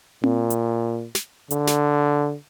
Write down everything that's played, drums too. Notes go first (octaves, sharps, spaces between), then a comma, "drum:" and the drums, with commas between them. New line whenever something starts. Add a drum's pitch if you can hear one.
A#2, drum: tom C4
drum: hi-hat
drum: snare
D3, drum: hi-hat
drum: snare